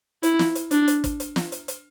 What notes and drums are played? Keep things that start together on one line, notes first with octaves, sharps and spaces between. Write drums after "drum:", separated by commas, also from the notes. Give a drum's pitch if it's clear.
E4, drum: hi-hat
drum: snare
drum: hi-hat
D4, drum: hi-hat
drum: hi-hat
drum: kick, hi-hat
drum: hi-hat
drum: snare
drum: hi-hat
drum: hi-hat